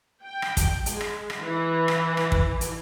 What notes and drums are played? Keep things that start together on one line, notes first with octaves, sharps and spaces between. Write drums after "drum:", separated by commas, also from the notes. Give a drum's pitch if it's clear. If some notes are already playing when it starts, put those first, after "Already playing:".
G5
drum: rim click
drum: kick, hi-hat
G#3, drum: hi-hat
drum: rim click
drum: rim click
E3
drum: rim click
drum: rim click
drum: kick
drum: hi-hat